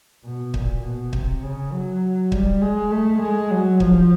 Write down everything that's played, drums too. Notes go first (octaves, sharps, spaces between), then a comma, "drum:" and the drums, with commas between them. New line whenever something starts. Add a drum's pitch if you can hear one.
B2
A#2, drum: kick
B2
C3, drum: kick
C#3
F#3
G3, drum: kick
G#3
A3
G#3
F#3
F3, drum: kick